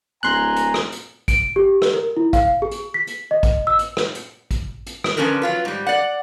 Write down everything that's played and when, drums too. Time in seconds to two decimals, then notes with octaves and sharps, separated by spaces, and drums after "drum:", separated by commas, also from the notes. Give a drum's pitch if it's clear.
0.23 D1 G#5 A#5 C6 F#6
0.56 drum: hi-hat
0.74 drum: rim click
0.92 drum: hi-hat
1.28 D7, drum: kick A1, hi-hat
1.56 G4
1.82 drum: rim click
1.94 A#4
2.17 E4
2.33 F5, drum: kick A1, hi-hat
2.62 G#4
2.71 drum: hi-hat
2.94 B6
3.07 drum: hi-hat
3.31 D#5
3.43 drum: kick A1, hi-hat
3.67 E6
3.79 drum: hi-hat
3.97 drum: rim click
4.15 drum: hi-hat
4.51 drum: kick A1, hi-hat
4.86 drum: hi-hat
5.04 drum: rim click
5.17 D3 F3 C#4 F#4 A#4 B4
5.42 F#3 F4 B4
5.65 G#2 G3
5.87 D5 F#5